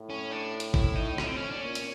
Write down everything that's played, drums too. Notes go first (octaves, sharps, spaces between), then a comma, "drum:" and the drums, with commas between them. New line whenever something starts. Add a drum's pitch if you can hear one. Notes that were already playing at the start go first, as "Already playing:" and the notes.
Already playing: A2
C#4
D4
drum: hi-hat
E4, drum: kick
D#4
C#4, drum: rim click
C4
C#4
D4
A#2 C#4
drum: hi-hat